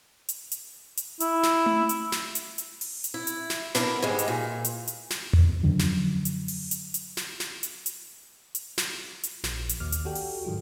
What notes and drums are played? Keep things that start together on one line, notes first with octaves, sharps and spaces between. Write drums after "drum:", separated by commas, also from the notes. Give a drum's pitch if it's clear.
drum: hi-hat
drum: hi-hat
drum: hi-hat
E4, drum: hi-hat
drum: snare
drum: tom A3
drum: hi-hat
drum: snare
drum: hi-hat
drum: hi-hat
drum: open hi-hat
drum: hi-hat
E4
drum: hi-hat
drum: snare
B3 D4 E4 A#4, drum: snare
G#2 G3 G#3
drum: hi-hat
A#2
drum: hi-hat
drum: hi-hat
drum: snare
drum: tom E2
F#2 D3 F3
drum: snare
drum: hi-hat
drum: open hi-hat
drum: hi-hat
drum: hi-hat
drum: snare
drum: snare
drum: hi-hat
drum: hi-hat
drum: hi-hat
drum: snare
drum: hi-hat
A#1, drum: snare
drum: hi-hat
D#2 F#4 D6 F6
drum: hi-hat
F#4 G4 A4 D5 G5
drum: open hi-hat
G#2 D#3 F#3 F4